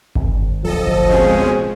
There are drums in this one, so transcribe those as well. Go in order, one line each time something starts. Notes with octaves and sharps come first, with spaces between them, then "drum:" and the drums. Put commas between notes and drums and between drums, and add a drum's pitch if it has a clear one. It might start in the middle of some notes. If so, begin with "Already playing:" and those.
G#1, drum: kick G1
D1 D2 F3 A4 D#5
drum: kick G1
B2 G#3 C4 C#4 G#4